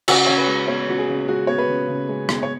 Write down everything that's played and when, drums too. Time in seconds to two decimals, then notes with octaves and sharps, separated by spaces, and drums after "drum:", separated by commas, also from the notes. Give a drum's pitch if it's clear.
0.08 C#3 F#4, drum: cymbal
0.26 C#3 C#5
0.38 B4
0.48 G#3
0.68 B3 C#5
0.88 C#3 F#4
0.98 G#4
1.08 C#3
1.28 G#3 F#4
1.47 B3 C#5
1.58 B4
1.68 C#3
1.88 C#3
2.09 G#3
2.29 B3, drum: rim click
2.43 C#5